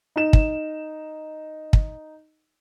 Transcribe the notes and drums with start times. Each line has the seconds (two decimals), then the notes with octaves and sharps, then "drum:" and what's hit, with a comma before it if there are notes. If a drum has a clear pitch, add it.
0.16 D#4 E7
0.33 drum: kick
1.73 drum: kick